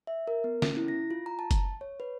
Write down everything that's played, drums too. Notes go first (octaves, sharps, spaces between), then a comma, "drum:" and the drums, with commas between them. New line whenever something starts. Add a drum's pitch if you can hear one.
E5
A#4
B3
C#4, drum: snare
E4
A#6
F4
A#5
A5
drum: kick F#1, hi-hat
C#5
B4